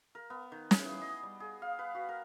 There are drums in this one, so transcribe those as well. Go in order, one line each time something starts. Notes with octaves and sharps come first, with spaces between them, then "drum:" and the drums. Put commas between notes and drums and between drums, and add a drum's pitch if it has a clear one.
A#4
B3
D#3
G#4, drum: snare
E3
D#5
G3
G#4
F5
B4
F#4
A#4